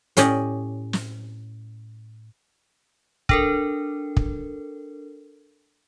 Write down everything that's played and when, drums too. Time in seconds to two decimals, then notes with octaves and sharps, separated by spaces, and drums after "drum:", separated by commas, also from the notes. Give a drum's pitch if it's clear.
0.17 A2 C#4 G4 D5 D#5, drum: hi-hat
0.93 drum: snare
3.29 D4 A4 A#4, drum: kick
4.17 drum: kick